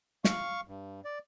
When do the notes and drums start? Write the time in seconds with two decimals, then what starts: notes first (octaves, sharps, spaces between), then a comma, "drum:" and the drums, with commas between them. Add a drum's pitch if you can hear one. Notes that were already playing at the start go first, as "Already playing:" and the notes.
0.24 F5 C#6, drum: snare
0.68 G2
1.05 D5